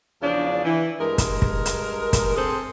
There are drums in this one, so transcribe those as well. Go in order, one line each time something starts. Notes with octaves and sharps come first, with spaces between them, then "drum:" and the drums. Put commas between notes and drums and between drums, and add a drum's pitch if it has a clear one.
E2 C#3 F3 D4
E3
G2 G#3 A#4
drum: kick, hi-hat
drum: kick
drum: hi-hat
drum: kick, hi-hat
C4 G#4 A4 C5